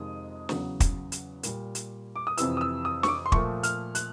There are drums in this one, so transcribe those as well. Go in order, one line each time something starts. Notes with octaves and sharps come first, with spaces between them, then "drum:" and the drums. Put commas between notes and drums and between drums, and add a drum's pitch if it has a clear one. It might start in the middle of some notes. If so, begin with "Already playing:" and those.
Already playing: F2 C3 D#3 G#3 D#6
E2 C#3 F#3, drum: snare
drum: kick, hi-hat
drum: hi-hat
A#2 G3, drum: hi-hat
drum: hi-hat
D6
D#6
F2 C3 E3 E6, drum: hi-hat
D#6
E6
D#6
C#6, drum: snare
D6
C6
A#2 F3 A3 C#6, drum: kick
F6, drum: hi-hat
F#6, drum: hi-hat